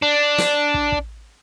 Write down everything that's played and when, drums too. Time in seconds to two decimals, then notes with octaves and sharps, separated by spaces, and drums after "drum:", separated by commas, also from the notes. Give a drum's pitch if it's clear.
0.02 D4
0.38 drum: snare
0.74 drum: kick
0.92 drum: kick